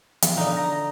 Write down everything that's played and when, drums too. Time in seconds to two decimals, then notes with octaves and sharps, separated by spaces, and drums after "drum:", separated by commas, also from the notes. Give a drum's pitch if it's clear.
0.22 E3 F3 B3, drum: hi-hat
0.37 D3 D#4 F5
0.57 A#5 A#6